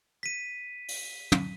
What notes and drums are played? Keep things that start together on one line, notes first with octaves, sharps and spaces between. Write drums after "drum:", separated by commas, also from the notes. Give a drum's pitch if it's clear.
B6 D#7
drum: open hi-hat
drum: tom